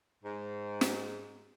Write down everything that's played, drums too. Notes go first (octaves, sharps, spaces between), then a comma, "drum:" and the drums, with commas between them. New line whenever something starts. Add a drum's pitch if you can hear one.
G#2
drum: snare